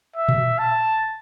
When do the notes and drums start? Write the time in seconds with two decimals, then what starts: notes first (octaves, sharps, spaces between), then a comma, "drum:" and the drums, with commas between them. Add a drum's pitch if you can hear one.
0.16 E5
0.29 drum: tom A#2
0.58 A5